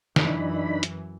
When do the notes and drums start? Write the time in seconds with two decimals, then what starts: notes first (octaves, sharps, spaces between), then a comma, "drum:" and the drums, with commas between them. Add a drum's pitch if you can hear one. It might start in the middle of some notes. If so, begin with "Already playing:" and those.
0.16 F#2 E3 D4 D#4 B5, drum: snare
0.83 drum: hi-hat